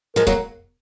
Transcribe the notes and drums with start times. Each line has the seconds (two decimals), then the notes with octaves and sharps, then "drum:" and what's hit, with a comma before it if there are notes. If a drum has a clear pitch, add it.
0.16 F3 G#3 A#4
0.27 F#3 A#3, drum: kick